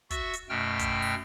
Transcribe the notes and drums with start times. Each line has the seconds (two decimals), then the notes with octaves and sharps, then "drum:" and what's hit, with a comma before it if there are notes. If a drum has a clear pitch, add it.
0.10 F#4 E5 C#6 E6 A6, drum: kick, hi-hat
0.33 drum: hi-hat
0.49 F#2 B2 A3 G5 F6
0.79 drum: kick, hi-hat
1.02 drum: open hi-hat